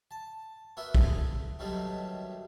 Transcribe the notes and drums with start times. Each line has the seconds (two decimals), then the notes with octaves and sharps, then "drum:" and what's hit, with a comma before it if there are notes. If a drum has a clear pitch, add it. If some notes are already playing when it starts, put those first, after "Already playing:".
0.11 A5
0.77 B3 F#4 A#4 E5
0.95 G#4 A4, drum: kick
1.59 B2 D3 D#3 F#3 G3 A3